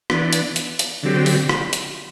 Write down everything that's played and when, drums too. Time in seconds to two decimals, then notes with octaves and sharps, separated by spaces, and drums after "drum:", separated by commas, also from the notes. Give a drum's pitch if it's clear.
0.10 E3 B3 D4, drum: rim click
0.33 drum: hi-hat
0.56 drum: hi-hat
0.79 drum: hi-hat
1.03 D3 F#3 C4 G4
1.26 drum: open hi-hat
1.49 drum: rim click
1.73 drum: hi-hat